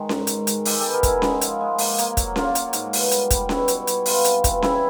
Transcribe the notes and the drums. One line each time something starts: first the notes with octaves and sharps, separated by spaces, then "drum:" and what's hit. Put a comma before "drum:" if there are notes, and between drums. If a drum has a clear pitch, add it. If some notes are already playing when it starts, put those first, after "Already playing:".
Already playing: D#3 G#3
G#2, drum: snare C#4
G#2, drum: hi-hat
G#2, drum: hi-hat
G#3 G4 A4, drum: open hi-hat
B3 G4 A4
G#4 A#4
G#2 E4, drum: kick, hi-hat
G#3, drum: snare C#4
F3, drum: hi-hat
G#3
A#3, drum: open hi-hat
A#3, drum: hi-hat
F#3, drum: kick, hi-hat
A#3 F4, drum: snare C#4
F#3, drum: hi-hat
G#2, drum: hi-hat
B2, drum: open hi-hat
G3, drum: hi-hat
G3, drum: kick, hi-hat
B2 E4 F#4, drum: snare C#4
B2, drum: hi-hat
G3, drum: hi-hat
B3 F4, drum: open hi-hat
C3, drum: hi-hat
E3, drum: kick, hi-hat
E3 E4, drum: snare C#4